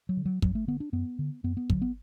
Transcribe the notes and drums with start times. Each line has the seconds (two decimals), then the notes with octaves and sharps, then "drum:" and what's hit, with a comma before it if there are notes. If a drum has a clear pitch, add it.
0.09 F#3
0.17 D3
0.26 F#3
0.42 F#2 F#3, drum: kick
0.55 A3
0.67 D3 B3
0.80 D4
0.93 F#2 B3
1.19 D3
1.44 F#2 B3
1.57 B3
1.70 D3 F#3, drum: kick
1.82 B3